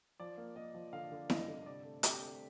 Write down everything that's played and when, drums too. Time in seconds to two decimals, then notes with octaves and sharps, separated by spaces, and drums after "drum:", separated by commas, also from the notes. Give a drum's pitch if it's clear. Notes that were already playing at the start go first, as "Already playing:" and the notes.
0.20 F3 D5
0.38 A#3
0.56 A#3 D#5
0.74 F3
0.93 D3 F5
1.12 D3
1.30 G2 D#5, drum: snare E4
1.48 D3
1.66 C3 D5
1.85 A3
2.03 C4 G4, drum: hi-hat
2.22 A3